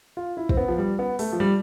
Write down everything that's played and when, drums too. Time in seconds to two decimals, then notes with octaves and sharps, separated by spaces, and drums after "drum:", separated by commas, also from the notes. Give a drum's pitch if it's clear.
0.17 F4
0.37 E4
0.49 C4, drum: kick
0.57 B3
0.68 F3
0.78 G3
0.99 B3
1.19 A3, drum: open hi-hat
1.33 F3
1.40 G3